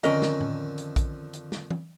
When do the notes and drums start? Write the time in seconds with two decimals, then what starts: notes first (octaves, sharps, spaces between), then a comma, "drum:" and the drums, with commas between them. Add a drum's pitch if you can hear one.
0.03 F2 D3 D#3 C#4 A#4 D#5, drum: hi-hat
0.22 drum: snare
0.41 drum: tom A2
0.78 drum: hi-hat
0.96 drum: kick A#1, hi-hat
1.33 drum: hi-hat
1.52 drum: snare
1.70 drum: tom